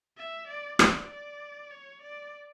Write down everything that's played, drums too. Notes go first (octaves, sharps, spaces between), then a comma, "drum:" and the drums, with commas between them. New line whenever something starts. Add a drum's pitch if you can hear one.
E5
D5
D5, drum: rim click
D5
C#5
D5